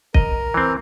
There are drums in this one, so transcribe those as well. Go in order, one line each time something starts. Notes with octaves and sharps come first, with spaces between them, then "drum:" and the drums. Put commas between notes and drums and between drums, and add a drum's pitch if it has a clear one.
A#4 D#5, drum: kick
E3 C4